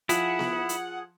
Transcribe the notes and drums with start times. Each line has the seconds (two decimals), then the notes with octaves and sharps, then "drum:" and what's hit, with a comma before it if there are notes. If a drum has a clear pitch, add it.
0.09 F3 E4 G#4 F#5, drum: hi-hat
0.39 drum: snare B3
0.69 drum: hi-hat